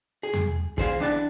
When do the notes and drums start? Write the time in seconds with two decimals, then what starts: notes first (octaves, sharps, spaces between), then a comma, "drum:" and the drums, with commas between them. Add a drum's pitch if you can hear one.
0.23 G#4
0.33 drum: tom E2
0.78 G#4 C5 F5, drum: kick
1.00 E3 D4 F#5 A5